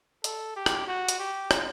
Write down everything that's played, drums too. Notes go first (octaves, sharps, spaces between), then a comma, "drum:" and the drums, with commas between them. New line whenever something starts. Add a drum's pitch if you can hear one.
A4, drum: hi-hat
G4
drum: rim click
F#4
drum: hi-hat
G4
drum: rim click